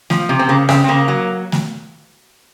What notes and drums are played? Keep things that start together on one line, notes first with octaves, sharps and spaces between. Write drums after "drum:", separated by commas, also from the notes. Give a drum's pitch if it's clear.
F3, drum: snare A3
C3
C4
C#3 A#3
C#3 C4, drum: rim click
C4
C#3 A#3
F#3
drum: snare A3